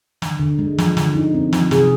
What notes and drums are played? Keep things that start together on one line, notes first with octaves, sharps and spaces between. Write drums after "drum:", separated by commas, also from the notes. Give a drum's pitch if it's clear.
D3, drum: snare
D3
G#3
F3, drum: snare
D3, drum: snare
D#4
C4
F3, drum: snare
C3 G#4, drum: snare